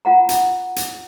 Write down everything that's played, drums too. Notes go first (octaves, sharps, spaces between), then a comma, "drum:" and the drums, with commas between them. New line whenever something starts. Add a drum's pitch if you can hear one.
F4 F#5 A#5
drum: hi-hat
drum: hi-hat